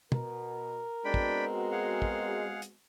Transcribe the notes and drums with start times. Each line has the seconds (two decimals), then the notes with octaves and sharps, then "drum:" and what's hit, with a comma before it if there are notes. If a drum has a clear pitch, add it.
0.12 B2 A#4, drum: tom
1.05 G#3 B3 C4 D4 F#4 G5 B5
1.14 drum: kick
1.71 G#4 F5 F#5
2.02 drum: kick
2.62 drum: hi-hat